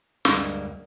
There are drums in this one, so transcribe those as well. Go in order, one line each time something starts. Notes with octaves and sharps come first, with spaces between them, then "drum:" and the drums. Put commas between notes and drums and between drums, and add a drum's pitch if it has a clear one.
D2 G2 G3 G#3 A#3, drum: snare